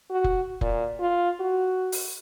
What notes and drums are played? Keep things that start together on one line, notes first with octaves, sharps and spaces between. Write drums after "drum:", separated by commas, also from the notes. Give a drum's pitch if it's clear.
F#4
drum: kick F1
A#2, drum: kick F1
F4
F#4
drum: open hi-hat